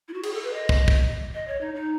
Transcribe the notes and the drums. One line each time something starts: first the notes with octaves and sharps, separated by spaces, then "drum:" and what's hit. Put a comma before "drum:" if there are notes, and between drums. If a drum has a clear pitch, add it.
E4
F#4
G#4, drum: cymbal
A4
B4
D#5
drum: kick
drum: kick
D#5
C#5
D#4
D#4